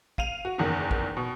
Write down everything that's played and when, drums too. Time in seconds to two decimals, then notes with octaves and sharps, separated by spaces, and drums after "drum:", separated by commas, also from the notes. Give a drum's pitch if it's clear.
0.18 F5 D#7 F7, drum: kick
0.45 F#4
0.58 F#1 E2 D#3
0.91 drum: kick
1.17 B2